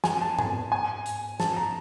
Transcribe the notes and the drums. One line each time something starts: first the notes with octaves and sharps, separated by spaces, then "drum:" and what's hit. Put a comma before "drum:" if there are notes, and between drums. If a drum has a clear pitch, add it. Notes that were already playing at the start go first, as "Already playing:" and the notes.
G#5, drum: snare
A5
G#5, drum: tom G#2
G#5
drum: hi-hat
A5, drum: snare
A#5